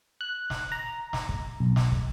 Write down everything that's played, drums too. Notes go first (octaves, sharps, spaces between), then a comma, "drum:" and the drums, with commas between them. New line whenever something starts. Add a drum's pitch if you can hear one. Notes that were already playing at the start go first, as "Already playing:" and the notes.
F#6
drum: snare
A#5
drum: snare
drum: kick
B1
drum: snare
drum: kick